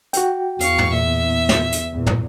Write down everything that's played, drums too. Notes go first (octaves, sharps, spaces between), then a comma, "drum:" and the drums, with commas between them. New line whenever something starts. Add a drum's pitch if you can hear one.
F#4 G5, drum: hi-hat
E2 F5 C#6, drum: hi-hat
drum: tom
A#2 E5
drum: snare
drum: hi-hat
E2 A#2
drum: tom